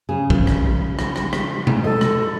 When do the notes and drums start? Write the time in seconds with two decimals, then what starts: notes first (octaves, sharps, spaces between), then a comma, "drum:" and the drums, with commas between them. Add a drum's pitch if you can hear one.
0.09 C#3 G#4
0.30 drum: kick
0.47 drum: rim click
0.99 drum: rim click
1.16 drum: rim click
1.33 drum: rim click
1.67 drum: tom B2
1.84 A4 D#5
2.01 drum: rim click